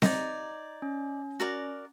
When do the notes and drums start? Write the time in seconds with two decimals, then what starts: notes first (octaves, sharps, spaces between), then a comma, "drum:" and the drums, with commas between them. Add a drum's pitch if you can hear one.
0.02 D#4 D5 A#5 D6 G#6, drum: snare C4
0.82 C#4
1.40 F#4 A#4 D5